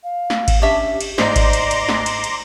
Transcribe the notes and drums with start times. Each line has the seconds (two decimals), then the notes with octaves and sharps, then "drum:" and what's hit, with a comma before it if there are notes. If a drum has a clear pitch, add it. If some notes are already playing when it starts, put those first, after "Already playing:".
0.04 F5
0.30 drum: snare
0.48 drum: kick G#1, cymbal
0.62 C#4 D4 G4 E5
1.01 drum: cymbal
1.18 G#2 C5 D5 A#5 C6 D6, drum: snare
1.36 drum: kick G#1, cymbal
1.53 drum: cymbal
1.71 drum: cymbal
1.89 drum: snare
2.06 drum: cymbal
2.24 drum: cymbal